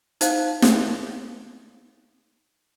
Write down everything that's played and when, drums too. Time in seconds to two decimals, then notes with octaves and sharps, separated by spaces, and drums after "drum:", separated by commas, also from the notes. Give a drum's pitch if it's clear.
0.21 D#4 C5 F5, drum: hi-hat
0.62 drum: snare